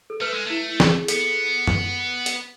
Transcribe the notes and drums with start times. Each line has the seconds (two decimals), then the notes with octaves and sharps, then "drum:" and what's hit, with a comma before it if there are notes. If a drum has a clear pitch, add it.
0.10 A4
0.20 A3 B4
0.33 G#3
0.46 A3 E4
0.80 G#4, drum: snare
1.08 B3 A4, drum: hi-hat
1.67 drum: tom F#2
2.26 drum: hi-hat